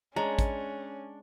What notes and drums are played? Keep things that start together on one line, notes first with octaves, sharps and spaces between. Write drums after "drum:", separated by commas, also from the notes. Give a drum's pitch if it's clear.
G#3 C#4 D4 C#5 A#5
drum: kick, hi-hat